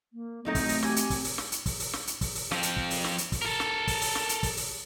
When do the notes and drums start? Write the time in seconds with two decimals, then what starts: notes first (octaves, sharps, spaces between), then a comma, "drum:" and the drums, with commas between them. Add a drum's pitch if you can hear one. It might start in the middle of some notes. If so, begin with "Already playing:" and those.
0.13 A#3
0.45 E2 F#3 A3 C4 D#4
0.55 drum: kick, open hi-hat
0.69 drum: open hi-hat
0.83 G4 G#5, drum: snare
0.96 drum: hi-hat
1.10 drum: kick, open hi-hat
1.24 drum: open hi-hat
1.38 drum: snare
1.52 drum: hi-hat
1.66 drum: kick, open hi-hat
1.80 drum: open hi-hat
1.93 drum: snare
2.07 drum: hi-hat
2.21 drum: kick, open hi-hat
2.35 drum: open hi-hat
2.51 F3 C4, drum: snare
2.63 drum: hi-hat
2.77 drum: kick
2.90 drum: open hi-hat
3.04 drum: snare
3.18 drum: hi-hat
3.32 drum: kick, open hi-hat
3.42 A4 A#4
3.60 drum: snare
3.87 drum: kick, open hi-hat
4.01 drum: open hi-hat
4.15 drum: snare
4.29 drum: hi-hat
4.43 drum: kick, open hi-hat
4.57 drum: open hi-hat